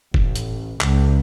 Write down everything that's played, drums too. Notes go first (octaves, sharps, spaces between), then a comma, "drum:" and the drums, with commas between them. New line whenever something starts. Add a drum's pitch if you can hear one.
A1, drum: kick F1
drum: hi-hat
C#2, drum: clap